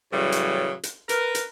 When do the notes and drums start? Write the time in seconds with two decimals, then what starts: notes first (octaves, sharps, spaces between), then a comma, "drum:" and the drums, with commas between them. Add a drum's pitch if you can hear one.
0.13 A2 C#3 E3 F#3 G3
0.32 drum: hi-hat
0.83 drum: hi-hat
1.09 A#4 B4, drum: hi-hat
1.35 drum: hi-hat